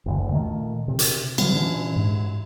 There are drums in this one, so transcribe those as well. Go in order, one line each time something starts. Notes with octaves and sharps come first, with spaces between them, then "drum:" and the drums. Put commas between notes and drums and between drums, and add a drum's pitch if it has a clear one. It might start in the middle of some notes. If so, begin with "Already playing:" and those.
F#1 D2 D3
A#2 D#3 A3
C3
drum: hi-hat
D3 F#3 G3 B3, drum: cymbal
A#2 E3 C#4 D4
G#2